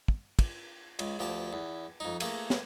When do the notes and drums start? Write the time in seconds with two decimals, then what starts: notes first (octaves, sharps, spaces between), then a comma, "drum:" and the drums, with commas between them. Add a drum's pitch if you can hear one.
0.08 drum: kick
0.39 drum: kick, cymbal
0.99 C#2, drum: cymbal
1.19 D2 F3 G4 A5
1.53 E2
2.00 F2 D#4
2.20 A3 A#3 G#4, drum: cymbal
2.50 drum: snare